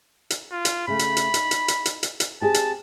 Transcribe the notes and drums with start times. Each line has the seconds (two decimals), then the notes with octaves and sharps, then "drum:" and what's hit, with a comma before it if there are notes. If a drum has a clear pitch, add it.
0.30 drum: hi-hat
0.52 F4
0.65 drum: hi-hat
0.88 C#3 A3 B5
0.99 drum: hi-hat
1.17 drum: hi-hat
1.34 D#4, drum: hi-hat
1.51 drum: hi-hat
1.68 drum: hi-hat
1.85 drum: hi-hat
2.03 drum: hi-hat
2.20 drum: hi-hat
2.41 C4 G4 G#4 A5
2.54 drum: hi-hat